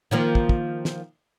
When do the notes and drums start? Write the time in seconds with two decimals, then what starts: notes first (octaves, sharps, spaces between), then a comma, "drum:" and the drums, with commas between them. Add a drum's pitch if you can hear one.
0.11 D#3 F3 A#3
0.35 drum: kick
0.49 drum: kick
0.85 drum: snare